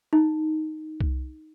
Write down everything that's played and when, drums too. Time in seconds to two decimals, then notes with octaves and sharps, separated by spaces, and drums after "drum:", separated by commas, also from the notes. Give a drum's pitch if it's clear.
0.13 D#4
1.01 drum: kick C2